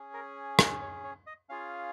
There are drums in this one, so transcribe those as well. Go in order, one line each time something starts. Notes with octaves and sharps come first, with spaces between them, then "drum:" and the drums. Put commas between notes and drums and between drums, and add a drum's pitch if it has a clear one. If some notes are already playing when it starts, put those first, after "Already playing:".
Already playing: C#4 G#4
A#4
A#4, drum: rim click
C#5
C#5
D#5
C#4 F4 G#4 F5